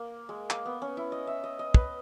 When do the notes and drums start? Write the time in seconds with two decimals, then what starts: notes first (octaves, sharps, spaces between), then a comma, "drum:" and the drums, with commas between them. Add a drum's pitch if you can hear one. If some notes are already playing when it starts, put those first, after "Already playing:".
Already playing: A#3
0.29 G#3
0.50 A#3, drum: clap
0.65 B3
0.82 C#4
0.97 E4
1.12 D#5
1.27 E5
1.44 D#5
1.59 D#5
1.74 B4, drum: kick